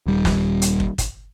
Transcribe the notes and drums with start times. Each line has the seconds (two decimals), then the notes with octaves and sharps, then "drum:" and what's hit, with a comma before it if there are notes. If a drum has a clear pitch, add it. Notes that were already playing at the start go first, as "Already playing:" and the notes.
0.07 D#1 G3
0.25 drum: snare
0.62 drum: hi-hat
0.80 drum: kick
0.98 drum: kick, hi-hat